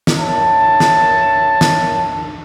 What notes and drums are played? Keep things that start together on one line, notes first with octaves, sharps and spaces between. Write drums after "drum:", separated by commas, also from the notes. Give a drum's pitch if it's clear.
drum: snare
C#5 E5 A5
drum: snare
drum: snare